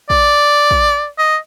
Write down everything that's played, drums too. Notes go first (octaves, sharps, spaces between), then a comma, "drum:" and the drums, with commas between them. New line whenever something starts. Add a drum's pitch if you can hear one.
D5, drum: kick
drum: kick
D#5